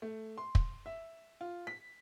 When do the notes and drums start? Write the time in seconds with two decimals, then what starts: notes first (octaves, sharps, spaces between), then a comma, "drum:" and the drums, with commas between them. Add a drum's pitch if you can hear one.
0.02 A3
0.38 C6
0.55 drum: kick
0.86 E5
1.41 F4
1.67 B6